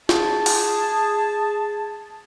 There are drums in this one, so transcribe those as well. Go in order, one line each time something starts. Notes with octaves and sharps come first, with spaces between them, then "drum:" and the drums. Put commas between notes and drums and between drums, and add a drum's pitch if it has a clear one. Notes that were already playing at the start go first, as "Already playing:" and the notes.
G#4 A5, drum: snare
drum: open hi-hat